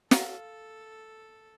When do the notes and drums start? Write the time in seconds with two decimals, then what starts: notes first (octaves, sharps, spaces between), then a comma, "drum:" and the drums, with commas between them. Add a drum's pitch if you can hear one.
0.11 A4 F5, drum: snare